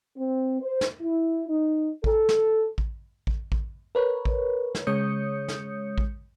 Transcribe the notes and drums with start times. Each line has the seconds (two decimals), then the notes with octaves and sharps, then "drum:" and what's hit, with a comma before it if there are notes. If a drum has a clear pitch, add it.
0.16 C4
0.60 C5
0.81 drum: snare
1.01 E4
1.48 D#4
2.04 A4, drum: kick A1
2.29 drum: snare
2.78 drum: kick A1
3.27 drum: kick A1
3.52 drum: kick A1
3.95 A#4 B4 C#5
4.25 drum: kick A1
4.75 drum: snare
4.87 C#3 G#3 C#5 D#6 G6 C#7
5.48 drum: snare
5.98 drum: kick A1